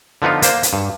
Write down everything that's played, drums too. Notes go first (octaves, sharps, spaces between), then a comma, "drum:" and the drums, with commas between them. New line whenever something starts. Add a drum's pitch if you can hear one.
D3 F3 B3 D#4 F4
A#3 C5 D5, drum: hi-hat
drum: hi-hat
G2